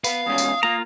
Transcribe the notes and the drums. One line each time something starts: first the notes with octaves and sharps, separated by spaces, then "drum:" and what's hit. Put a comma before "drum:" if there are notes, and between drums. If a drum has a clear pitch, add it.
B3 B4 F5, drum: tambourine
E2 G#2 C#4 D#6
drum: tambourine
A#3 F4 A#5